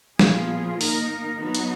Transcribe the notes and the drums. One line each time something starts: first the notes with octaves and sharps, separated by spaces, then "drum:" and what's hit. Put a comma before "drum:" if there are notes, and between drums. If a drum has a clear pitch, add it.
A#2 F3 B3 F4 G#4, drum: snare
D#3 A#3 D#4 A#4, drum: open hi-hat
F#3 B3 D#4 F#4
drum: hi-hat